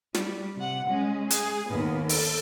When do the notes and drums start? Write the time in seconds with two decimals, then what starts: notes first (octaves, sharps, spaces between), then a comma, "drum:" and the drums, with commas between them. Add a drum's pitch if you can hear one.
0.14 G3, drum: snare
0.56 C3 F#5
0.89 G#3 C#4
1.30 G#4, drum: hi-hat
1.69 D#2 B3
2.09 A4, drum: open hi-hat